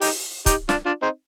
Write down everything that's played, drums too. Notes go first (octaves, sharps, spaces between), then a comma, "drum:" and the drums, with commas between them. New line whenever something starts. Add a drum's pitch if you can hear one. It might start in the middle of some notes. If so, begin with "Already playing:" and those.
D#4 G4, drum: open hi-hat
D#4 G4, drum: kick, hi-hat
D4 F4, drum: snare
D4 F4
C4 D#4